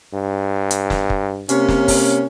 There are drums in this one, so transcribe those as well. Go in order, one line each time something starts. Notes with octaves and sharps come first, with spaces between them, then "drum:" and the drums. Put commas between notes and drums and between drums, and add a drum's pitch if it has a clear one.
G2
drum: hi-hat
drum: snare
drum: kick
C3 A#3 C#4, drum: hi-hat
drum: snare
drum: kick, open hi-hat